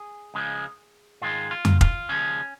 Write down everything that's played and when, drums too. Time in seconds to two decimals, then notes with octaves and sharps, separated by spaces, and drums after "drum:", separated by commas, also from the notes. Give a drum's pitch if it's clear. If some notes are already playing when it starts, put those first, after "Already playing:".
Already playing: G#4
0.34 C#2 C#3 F3 G#3
1.21 G#2 D#3 G#3 F4
1.51 F4
1.65 drum: tom F2
1.81 F4, drum: kick
2.09 D#2 C#3 F3 G#3 C#4